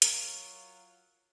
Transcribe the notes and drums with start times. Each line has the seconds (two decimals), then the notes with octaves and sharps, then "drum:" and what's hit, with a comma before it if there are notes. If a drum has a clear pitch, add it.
0.02 F#3 F4 A#4 A#5, drum: hi-hat